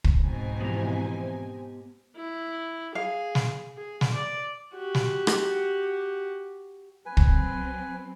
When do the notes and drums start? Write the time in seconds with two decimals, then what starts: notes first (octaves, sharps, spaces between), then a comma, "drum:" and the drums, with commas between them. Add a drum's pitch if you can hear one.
0.04 drum: kick
0.21 G#2 B2 C4 D#4 G#5
0.60 E3 F3 B3 G4 A#5
2.16 E4
2.95 G#4 F5
3.35 drum: snare
3.77 G#4
4.01 drum: snare
4.12 D5
4.75 F#4 G4
4.95 drum: snare
5.27 drum: rim click
7.06 F#3 C4 B4 G#5
7.17 drum: kick